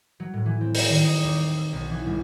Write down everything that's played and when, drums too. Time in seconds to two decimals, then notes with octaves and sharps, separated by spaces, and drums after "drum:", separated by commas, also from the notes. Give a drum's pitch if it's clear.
0.20 F#3
0.33 A2
0.46 E3
0.61 C4
0.75 G5, drum: open hi-hat
0.89 D#3
1.04 D#5
1.24 D#2
1.58 E6
1.73 B1
1.91 E3
2.05 G1